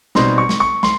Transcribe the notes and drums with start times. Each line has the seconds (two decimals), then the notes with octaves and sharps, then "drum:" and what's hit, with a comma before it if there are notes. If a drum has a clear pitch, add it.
0.15 B2 G3 C4 D#4 C6, drum: snare
0.38 C#6
0.49 drum: snare
0.60 C#6
0.83 C6, drum: snare